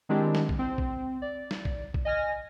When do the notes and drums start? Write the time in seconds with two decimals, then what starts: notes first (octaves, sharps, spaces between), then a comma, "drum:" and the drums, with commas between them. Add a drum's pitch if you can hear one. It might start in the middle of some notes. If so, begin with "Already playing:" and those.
0.09 D#3 G#3 C4 D4 E4 G4
0.35 drum: snare
0.49 drum: kick A#1
0.59 C4
0.78 drum: kick A#1
1.22 D5
1.51 drum: snare
1.65 drum: kick A#1
1.94 drum: kick A#1
2.05 D#5 G#5 F6 A#6